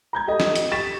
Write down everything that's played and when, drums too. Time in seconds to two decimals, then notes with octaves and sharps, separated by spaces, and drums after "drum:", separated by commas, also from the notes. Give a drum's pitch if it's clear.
0.13 A#5 G6 G#6
0.27 G4 A4 D#5
0.40 drum: snare
0.56 drum: hi-hat
0.71 G4 C#6 A6 B6 E7